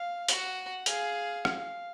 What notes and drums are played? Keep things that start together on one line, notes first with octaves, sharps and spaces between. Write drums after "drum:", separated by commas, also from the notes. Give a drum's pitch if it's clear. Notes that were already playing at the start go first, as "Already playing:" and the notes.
Already playing: F5
F#4 F#5, drum: hi-hat
G#4 F5, drum: hi-hat
F5, drum: rim click